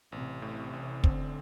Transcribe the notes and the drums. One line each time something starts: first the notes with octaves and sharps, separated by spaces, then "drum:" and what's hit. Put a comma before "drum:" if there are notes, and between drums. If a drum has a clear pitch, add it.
A1 C3
A2
A1
D3 C4, drum: kick